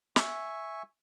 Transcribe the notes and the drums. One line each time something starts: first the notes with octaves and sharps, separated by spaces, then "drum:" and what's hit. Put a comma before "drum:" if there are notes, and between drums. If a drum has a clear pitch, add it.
E5 G#5 C#6, drum: snare